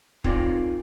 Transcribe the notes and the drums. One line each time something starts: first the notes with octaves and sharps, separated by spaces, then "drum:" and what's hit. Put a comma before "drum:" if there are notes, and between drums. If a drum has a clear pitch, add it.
C4 D#4 F4 G#4 A#4 D5, drum: kick